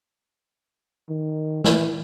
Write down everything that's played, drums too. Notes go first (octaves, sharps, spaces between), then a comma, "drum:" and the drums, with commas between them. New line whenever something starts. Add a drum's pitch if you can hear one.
D#3
E3, drum: snare